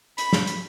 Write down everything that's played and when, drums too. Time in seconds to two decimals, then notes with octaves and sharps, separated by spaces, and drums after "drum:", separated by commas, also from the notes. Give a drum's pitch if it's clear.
0.18 B5, drum: hi-hat
0.33 drum: snare
0.47 drum: hi-hat